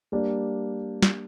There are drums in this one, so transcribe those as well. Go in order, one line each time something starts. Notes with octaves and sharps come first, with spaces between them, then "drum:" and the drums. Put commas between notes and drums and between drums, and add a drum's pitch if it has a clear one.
G3 A#3 D4 G4 D5
drum: snare